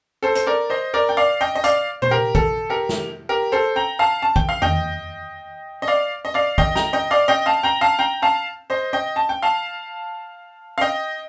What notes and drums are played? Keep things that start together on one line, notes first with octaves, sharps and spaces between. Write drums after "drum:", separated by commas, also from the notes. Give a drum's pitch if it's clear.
A4 C5
C5, drum: hi-hat
A#4 D5
C5 D#5
A#4 D5
G5
D5 F5
D#5 G5
D#5
D5 F5, drum: hi-hat
C5, drum: tom A#2
G4 A#4
A4, drum: kick A#1
G4 A#4
drum: snare
G4 A#4
A4 C5
G5 A#5
F5 A5
A5
G5, drum: kick A#1
F5
D#5 G5, drum: tom E2
D#5
D5 F5
D#5
D5 F5
D#5 G5, drum: kick A#1
G5 A#5, drum: snare
D#5 G5
D5 F5
D#5 G5
F5 A5
G5 A#5
F5 A5
G5 A#5
F5 A5
C5 D#5
D#5 G5
A5
G5
F5 A5
F5
D#5 G5